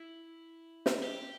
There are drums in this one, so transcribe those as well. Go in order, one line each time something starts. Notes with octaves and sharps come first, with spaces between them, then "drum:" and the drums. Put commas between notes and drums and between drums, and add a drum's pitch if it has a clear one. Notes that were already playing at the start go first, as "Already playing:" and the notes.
Already playing: E4
drum: snare
G4